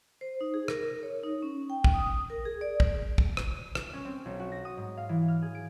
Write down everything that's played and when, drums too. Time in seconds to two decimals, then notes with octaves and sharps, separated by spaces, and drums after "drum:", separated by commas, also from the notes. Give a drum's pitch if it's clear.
0.21 C5
0.41 D#4
0.54 G#4
0.68 A#4, drum: rim click
1.03 C#5
1.23 D#4
1.42 C#4
1.70 G5
1.84 drum: kick
1.94 D#6
2.30 A#4
2.45 G#4
2.61 D5
2.80 drum: kick
3.18 drum: kick
3.37 drum: rim click
3.75 drum: rim click
3.93 C#4
4.05 C4
4.25 B1
4.39 F#4
4.52 A#6
4.65 D#6
4.77 G#2
4.97 F5
5.09 E3
5.28 F6
5.42 G#4
5.55 D7